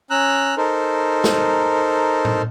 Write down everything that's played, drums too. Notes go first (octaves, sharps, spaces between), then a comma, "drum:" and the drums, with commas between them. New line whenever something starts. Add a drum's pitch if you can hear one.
C#4 A#5 E6 F#6
D#4 A4 A#4 C5
drum: snare
drum: tom A2